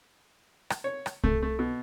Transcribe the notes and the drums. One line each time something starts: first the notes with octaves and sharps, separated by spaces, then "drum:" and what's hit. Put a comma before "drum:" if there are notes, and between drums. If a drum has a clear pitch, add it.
drum: rim click
C#5
drum: rim click
A3, drum: kick C2
A3
B2